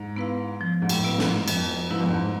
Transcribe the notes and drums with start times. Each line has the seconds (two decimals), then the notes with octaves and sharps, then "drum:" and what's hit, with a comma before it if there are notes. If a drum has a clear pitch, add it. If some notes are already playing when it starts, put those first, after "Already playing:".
Already playing: G#2
0.16 B3 E4 B4 F5
0.61 F3
0.82 G#2
0.89 A2, drum: cymbal
1.04 B3 E4 B4 F5
1.19 G#2, drum: snare
1.48 F2 F3, drum: cymbal
1.90 G#2 B3 E4 B4 F5
2.00 F2
2.10 G#2